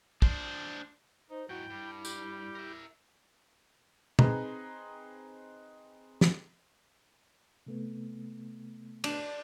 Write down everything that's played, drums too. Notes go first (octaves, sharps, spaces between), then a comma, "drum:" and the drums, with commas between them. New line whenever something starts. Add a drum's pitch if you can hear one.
D4 C5, drum: kick
D#4 C5
G#2 F#3 E4 F#4 G5
G2 G3
G4, drum: tambourine
A#4 E5
C4 D#4 G#4 B4 A#5, drum: tom B2
drum: snare
C3 A3 B3
D4, drum: cymbal